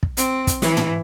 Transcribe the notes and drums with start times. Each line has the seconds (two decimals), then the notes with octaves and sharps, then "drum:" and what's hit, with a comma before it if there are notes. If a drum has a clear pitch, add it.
0.03 drum: kick
0.17 C4, drum: hi-hat
0.47 drum: kick, hi-hat
0.62 E3, drum: snare
0.77 drum: tom